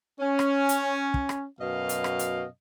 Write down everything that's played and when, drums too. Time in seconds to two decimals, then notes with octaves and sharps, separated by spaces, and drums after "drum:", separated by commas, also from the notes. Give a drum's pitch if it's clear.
0.18 C#4
0.39 drum: rim click
0.69 drum: hi-hat
1.14 drum: kick
1.29 drum: rim click
1.59 F#2 B2 D#5 F5
1.89 drum: hi-hat
2.04 drum: rim click
2.19 drum: hi-hat